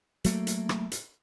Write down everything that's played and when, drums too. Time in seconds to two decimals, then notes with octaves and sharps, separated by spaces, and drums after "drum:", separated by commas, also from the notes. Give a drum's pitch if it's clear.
0.24 F#3 A3 A#3, drum: hi-hat
0.47 drum: hi-hat
0.69 drum: rim click
0.92 drum: hi-hat